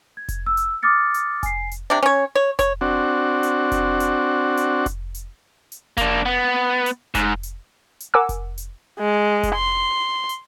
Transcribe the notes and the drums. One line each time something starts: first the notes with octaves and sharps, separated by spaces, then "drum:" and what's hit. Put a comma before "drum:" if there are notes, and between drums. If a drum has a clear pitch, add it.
G#6
drum: kick F1, hi-hat
E6
drum: hi-hat
D6 D#6 F6 A6 C#7
drum: hi-hat
G#5 C7, drum: kick F1, hi-hat
drum: hi-hat
C3 D4
C#4 C#5
C#5
C#5, drum: kick F1, hi-hat
C4 D4 F#4
drum: hi-hat
drum: kick F1, hi-hat
drum: hi-hat
drum: hi-hat
drum: kick F1, hi-hat
drum: hi-hat
drum: hi-hat
A#3 D4, drum: kick F1, hi-hat
B3
drum: hi-hat
G#2, drum: kick F1, hi-hat
drum: hi-hat
drum: hi-hat
A#4 F#5 G#5 D6 E6
drum: kick F1, hi-hat
drum: hi-hat
G#3
drum: kick F1, hi-hat
C6
drum: hi-hat